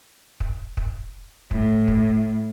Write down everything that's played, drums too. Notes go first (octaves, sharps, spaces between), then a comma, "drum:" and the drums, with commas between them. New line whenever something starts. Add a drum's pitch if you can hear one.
drum: kick
drum: kick
A2, drum: kick
drum: kick